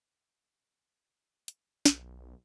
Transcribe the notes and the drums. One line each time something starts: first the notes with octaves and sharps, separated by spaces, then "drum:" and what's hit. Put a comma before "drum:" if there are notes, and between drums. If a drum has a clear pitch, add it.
drum: hi-hat
B1, drum: snare